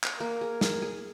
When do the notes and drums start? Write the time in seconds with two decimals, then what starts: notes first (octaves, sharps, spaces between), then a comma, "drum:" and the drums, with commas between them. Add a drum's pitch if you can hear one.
0.04 drum: clap
0.20 A#3 A#4
0.41 G#4
0.61 G#4, drum: snare
0.82 G#4